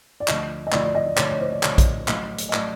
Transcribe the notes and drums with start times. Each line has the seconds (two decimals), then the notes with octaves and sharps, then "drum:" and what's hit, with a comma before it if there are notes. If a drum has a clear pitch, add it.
0.20 D5
0.28 D2 D3 F3 D#5, drum: clap
0.67 D#5
0.72 D2 D3 F3 D5, drum: clap
0.85 D5
0.95 D#5
1.06 D5
1.17 D2 D3 F3 C#5, drum: clap
1.30 C#5
1.41 C5
1.52 D5
1.63 D2 D3 F3 C#5, drum: clap
1.78 drum: kick A#1, hi-hat
2.08 A1 A2 F#3 A3 D#5, drum: clap
2.38 drum: hi-hat
2.49 D#5
2.53 A2 F#3 A3 D5, drum: clap